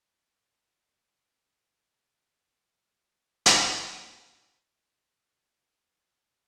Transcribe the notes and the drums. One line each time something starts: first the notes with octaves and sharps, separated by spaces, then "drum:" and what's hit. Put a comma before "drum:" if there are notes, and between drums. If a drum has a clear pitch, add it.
A#2 F3
drum: hi-hat
B2 C4